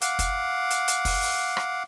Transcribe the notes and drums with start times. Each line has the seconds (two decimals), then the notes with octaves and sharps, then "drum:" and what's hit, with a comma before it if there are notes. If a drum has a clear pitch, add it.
0.01 F5 F#5 D6, drum: hi-hat
0.19 drum: kick, hi-hat
0.70 drum: hi-hat
0.88 drum: hi-hat
1.05 drum: kick, open hi-hat
1.22 drum: open hi-hat
1.57 drum: rim click